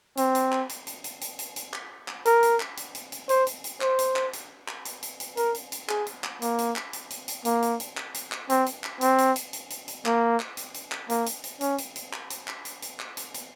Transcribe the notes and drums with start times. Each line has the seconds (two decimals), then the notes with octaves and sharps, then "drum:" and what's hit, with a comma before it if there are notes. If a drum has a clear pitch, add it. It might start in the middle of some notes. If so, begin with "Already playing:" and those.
0.17 C4, drum: hi-hat
0.35 drum: hi-hat
0.52 drum: clap
0.69 drum: hi-hat
0.87 drum: hi-hat
1.04 drum: hi-hat
1.21 drum: hi-hat
1.39 drum: hi-hat
1.56 drum: hi-hat
1.73 drum: clap
2.08 drum: clap
2.25 A#4, drum: hi-hat
2.43 drum: hi-hat
2.60 drum: clap
2.77 drum: hi-hat
2.95 drum: hi-hat
3.12 drum: hi-hat
3.29 C5, drum: hi-hat
3.47 drum: hi-hat
3.64 drum: hi-hat
3.81 C5, drum: clap
3.99 drum: hi-hat
4.16 drum: clap
4.33 drum: hi-hat
4.68 drum: clap
4.85 drum: hi-hat
5.03 drum: hi-hat
5.20 drum: hi-hat
5.37 A#4, drum: hi-hat
5.55 drum: hi-hat
5.72 drum: hi-hat
5.89 G#4, drum: clap
6.07 drum: hi-hat
6.24 drum: clap
6.42 A#3, drum: hi-hat
6.59 drum: hi-hat
6.76 drum: clap
6.93 drum: hi-hat
7.10 drum: hi-hat
7.28 drum: hi-hat
7.45 A#3, drum: hi-hat
7.62 drum: hi-hat
7.80 drum: hi-hat
7.97 drum: clap
8.14 drum: hi-hat
8.32 drum: clap
8.50 C4, drum: hi-hat
8.66 drum: hi-hat
8.84 drum: clap
9.01 C4, drum: hi-hat
9.18 drum: hi-hat
9.36 drum: hi-hat
9.53 drum: hi-hat
9.70 drum: hi-hat
9.88 drum: hi-hat
10.06 A#3, drum: clap
10.40 drum: clap
10.57 drum: hi-hat
10.74 drum: hi-hat
10.92 drum: clap
11.10 A#3, drum: hi-hat
11.26 drum: hi-hat
11.44 drum: hi-hat
11.61 C#4, drum: hi-hat
11.78 drum: hi-hat
11.96 drum: hi-hat
12.13 drum: clap
12.30 drum: hi-hat
12.48 drum: clap
12.65 drum: hi-hat
12.82 drum: hi-hat
13.00 drum: clap
13.17 drum: hi-hat
13.34 drum: hi-hat